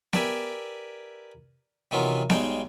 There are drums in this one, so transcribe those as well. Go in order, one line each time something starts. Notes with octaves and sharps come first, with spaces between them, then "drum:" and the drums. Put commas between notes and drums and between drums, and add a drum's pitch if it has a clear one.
G4 A#4 B4 D5 E5 G#5, drum: snare B3
C3 D#3 E3 F#3 B3 F4
B1 G3 G#3 D#4 F5 G5, drum: snare B3